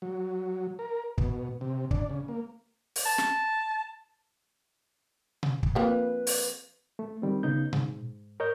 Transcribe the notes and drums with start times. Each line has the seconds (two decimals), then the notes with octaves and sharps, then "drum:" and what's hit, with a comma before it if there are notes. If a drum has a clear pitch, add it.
0.02 F#3
0.79 A#4
1.18 B2, drum: kick
1.61 C3
1.91 D4, drum: kick
2.10 C#3
2.28 A#3
2.96 drum: open hi-hat
3.06 A5
3.18 drum: snare
5.43 drum: tom B2
5.63 drum: kick
5.75 F3 A#3 C4 B4
6.27 drum: open hi-hat
6.99 A3
7.22 D#3 G3 C4
7.43 C#3 B3 D#4 G6
7.73 G#2, drum: tom B2
8.40 A#4 C#5 D#5 G6